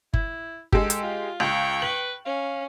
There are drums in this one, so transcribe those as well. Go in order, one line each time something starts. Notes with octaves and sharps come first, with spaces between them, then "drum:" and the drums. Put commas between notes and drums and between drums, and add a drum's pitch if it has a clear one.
E4, drum: kick G1
G#3 G4 A4, drum: kick G1
drum: hi-hat
F4
C#2 G5 C#6
B4 F#7
C#4 F5